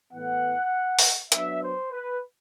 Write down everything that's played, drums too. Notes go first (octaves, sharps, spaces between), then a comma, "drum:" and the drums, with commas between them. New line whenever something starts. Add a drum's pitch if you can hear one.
A2 E3 B3 F#5
drum: open hi-hat
F#3 B3 D4 E5, drum: hi-hat
C5
B4